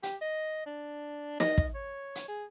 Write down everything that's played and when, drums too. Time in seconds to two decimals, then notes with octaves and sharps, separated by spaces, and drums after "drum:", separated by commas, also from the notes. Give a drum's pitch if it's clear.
0.03 G4, drum: hi-hat
0.21 D#5
0.66 D4
1.40 D#5, drum: snare
1.58 drum: kick
1.75 C#5
2.15 drum: hi-hat
2.28 G#4